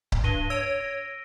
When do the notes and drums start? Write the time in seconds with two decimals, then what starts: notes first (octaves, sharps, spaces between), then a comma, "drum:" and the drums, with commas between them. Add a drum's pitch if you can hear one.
0.12 drum: kick C#1
0.24 G2 A#6 D#7 G7
0.50 C#5 E6 D7
0.80 A#6